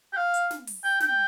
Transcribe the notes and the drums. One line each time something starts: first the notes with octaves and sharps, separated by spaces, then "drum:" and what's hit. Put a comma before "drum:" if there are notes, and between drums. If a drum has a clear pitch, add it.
G5
F5
drum: hi-hat
drum: snare
drum: open hi-hat
G5
G5, drum: snare